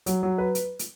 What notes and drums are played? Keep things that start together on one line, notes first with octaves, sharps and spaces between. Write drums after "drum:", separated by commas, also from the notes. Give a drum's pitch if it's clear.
F#3, drum: hi-hat
F#3
B4
drum: hi-hat
drum: hi-hat